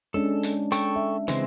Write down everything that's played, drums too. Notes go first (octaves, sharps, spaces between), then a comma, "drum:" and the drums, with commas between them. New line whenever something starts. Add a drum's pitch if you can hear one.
G#3 C#4 D4 A4
drum: hi-hat
A4 G5 C#6, drum: hi-hat
E5
C#3 E3 G#3 C4, drum: hi-hat